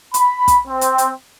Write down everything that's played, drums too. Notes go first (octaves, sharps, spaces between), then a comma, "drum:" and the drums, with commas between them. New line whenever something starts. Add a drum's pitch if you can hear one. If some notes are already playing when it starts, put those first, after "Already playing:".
B5, drum: hi-hat
drum: kick, hi-hat
C4
drum: hi-hat
drum: hi-hat